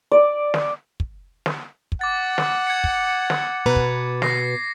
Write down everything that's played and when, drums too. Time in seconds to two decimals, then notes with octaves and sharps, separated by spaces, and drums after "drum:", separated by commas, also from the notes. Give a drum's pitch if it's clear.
0.12 D5
0.54 drum: snare
1.00 drum: kick
1.46 drum: snare
1.92 drum: kick
2.01 F#5 D6 A6
2.38 drum: snare
2.67 G#6 C#7
2.84 drum: kick
3.30 drum: snare
3.66 B2 B4 A#5
3.76 drum: kick
4.22 A#6 C7, drum: snare